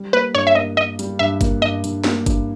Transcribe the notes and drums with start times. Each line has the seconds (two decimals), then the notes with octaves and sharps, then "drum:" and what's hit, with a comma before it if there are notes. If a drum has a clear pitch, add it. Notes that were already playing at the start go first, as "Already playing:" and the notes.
Already playing: G3
0.13 A#3 B4
0.34 G2 C#5
0.47 E5
0.55 A#3 D#5
0.77 A#3 D#5
0.99 G3, drum: hi-hat
1.19 G2 E5
1.41 A#3, drum: kick G1, hi-hat
1.62 G2 D#5
1.84 G2, drum: hi-hat
2.04 A#3, drum: snare
2.26 G2, drum: kick G1, hi-hat